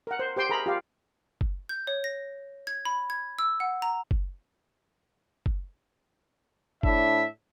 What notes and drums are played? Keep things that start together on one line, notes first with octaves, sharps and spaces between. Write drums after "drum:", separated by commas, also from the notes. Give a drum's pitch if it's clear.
A#4 F#5
C5
G4 C5 G5 C6
G#4 A#4 A#5 B5
F4 G4 F5
drum: kick F#1
G6
C#5
A#6
G#6
B5
G#6
E6
F#5
A#5
drum: kick F#1
drum: kick F#1
A2 D4 E4 E5, drum: kick F#1